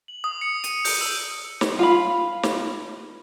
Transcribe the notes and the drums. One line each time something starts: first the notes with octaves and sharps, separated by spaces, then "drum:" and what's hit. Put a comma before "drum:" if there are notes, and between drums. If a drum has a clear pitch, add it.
F#7
D#6
C#7
D#7, drum: hi-hat
G6, drum: open hi-hat
E6
drum: snare
F4 F5 B5
drum: snare